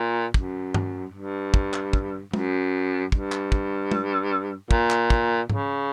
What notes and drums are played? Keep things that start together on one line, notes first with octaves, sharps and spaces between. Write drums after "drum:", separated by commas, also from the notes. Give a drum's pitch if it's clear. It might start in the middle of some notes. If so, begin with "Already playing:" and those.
Already playing: A#2
F#2, drum: kick
drum: tom
G2
drum: kick
drum: clap
drum: kick
F#2, drum: tom
G2, drum: kick
drum: clap
drum: kick
drum: tom
A#2, drum: kick
drum: clap
drum: kick
C#3, drum: tom G#2